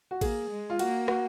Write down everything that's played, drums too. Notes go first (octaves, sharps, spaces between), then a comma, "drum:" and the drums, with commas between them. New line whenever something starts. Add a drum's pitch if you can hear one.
F#4
A#3 G#4, drum: kick A1, cymbal
G#3
F4
A#3 F#4, drum: cymbal
F#4, drum: rim click